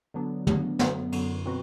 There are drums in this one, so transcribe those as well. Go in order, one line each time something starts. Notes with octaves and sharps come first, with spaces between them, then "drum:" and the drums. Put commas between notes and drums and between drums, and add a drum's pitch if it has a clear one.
D3 F#3 B3 D4
D3 F#3 B3 D4, drum: tom
F#2 D3 F#3 B3, drum: snare
F#2 D3 F#3 B3, drum: cymbal
B2 F#3 C4 F#4 B4